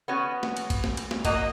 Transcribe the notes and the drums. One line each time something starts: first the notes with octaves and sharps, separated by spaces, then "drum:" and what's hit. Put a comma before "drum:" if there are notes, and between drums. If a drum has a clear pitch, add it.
B3 C#4 F#4
drum: snare
drum: cymbal
drum: kick, cymbal
drum: snare
drum: cymbal
drum: snare
A#3 F#4 D#5, drum: kick, cymbal